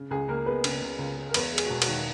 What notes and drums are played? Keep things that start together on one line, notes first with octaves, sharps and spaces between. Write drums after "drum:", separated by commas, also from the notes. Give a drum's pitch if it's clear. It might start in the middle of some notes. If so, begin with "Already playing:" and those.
Already playing: C#3
C#2 G#4
C#2 A#3 A#4
G#3 B3 B4
C#3, drum: cymbal
C#2
C#2
G#3
A#4
E2 B3 B4, drum: cymbal
G#3
G#4, drum: cymbal
F#4
E1 G#4
F#4, drum: cymbal
D#3